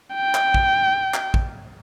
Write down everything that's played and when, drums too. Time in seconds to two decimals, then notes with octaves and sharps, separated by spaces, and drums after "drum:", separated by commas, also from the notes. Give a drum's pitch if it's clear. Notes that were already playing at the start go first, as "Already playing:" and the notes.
0.15 G5
0.35 drum: clap
0.54 drum: kick
1.14 drum: clap
1.34 drum: kick